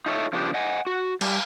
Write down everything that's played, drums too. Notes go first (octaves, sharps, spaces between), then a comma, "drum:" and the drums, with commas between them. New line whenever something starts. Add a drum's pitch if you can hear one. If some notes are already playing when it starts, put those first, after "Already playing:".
D#4 F4 A4 C#5 D5 E5
C#3 F3 B3 D4 G4
D#5 F#5 G#5
F#4
G3, drum: cymbal